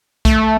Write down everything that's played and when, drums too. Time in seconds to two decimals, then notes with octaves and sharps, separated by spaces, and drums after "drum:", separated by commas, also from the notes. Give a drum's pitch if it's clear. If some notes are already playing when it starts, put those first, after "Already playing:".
0.25 A3, drum: kick B1, hi-hat